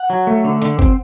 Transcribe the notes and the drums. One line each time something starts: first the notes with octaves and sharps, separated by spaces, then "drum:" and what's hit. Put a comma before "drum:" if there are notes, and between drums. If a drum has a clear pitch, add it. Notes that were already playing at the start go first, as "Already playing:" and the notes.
Already playing: F#5
F#3
A3
D3
D3, drum: hi-hat
C4, drum: kick G1